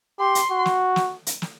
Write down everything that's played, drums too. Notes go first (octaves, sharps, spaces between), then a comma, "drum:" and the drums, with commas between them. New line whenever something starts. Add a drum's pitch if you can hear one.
G4 C6
drum: hi-hat
F#4
drum: snare
drum: snare
drum: hi-hat
drum: snare